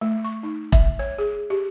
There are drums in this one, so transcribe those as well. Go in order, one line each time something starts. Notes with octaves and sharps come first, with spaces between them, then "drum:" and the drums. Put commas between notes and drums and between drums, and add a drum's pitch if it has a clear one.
A3
C#6
D#4
E5, drum: kick E1
C#5
G#4
G4